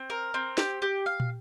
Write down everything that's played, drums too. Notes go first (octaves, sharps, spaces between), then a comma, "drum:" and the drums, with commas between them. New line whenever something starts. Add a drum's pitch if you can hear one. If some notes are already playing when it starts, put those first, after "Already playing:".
Already playing: C4
A#4
C4
G4, drum: snare
G4
F5
drum: tom